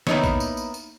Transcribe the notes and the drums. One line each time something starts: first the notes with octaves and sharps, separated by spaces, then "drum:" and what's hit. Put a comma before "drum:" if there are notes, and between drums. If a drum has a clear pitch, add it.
A#3 B3 C#4 D#4 E4 C#5, drum: snare
drum: kick A#1, tambourine
drum: tambourine
drum: tambourine
drum: tambourine